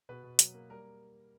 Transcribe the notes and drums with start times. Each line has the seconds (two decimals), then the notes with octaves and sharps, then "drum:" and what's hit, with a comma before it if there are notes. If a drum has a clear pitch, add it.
0.09 B2 B4
0.23 B2
0.39 F#3, drum: hi-hat
0.54 A#3
0.70 G3 A#4